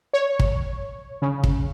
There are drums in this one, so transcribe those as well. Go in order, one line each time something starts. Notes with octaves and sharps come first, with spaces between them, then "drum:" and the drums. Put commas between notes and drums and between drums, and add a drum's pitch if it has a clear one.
C#5
drum: kick
C#3
drum: kick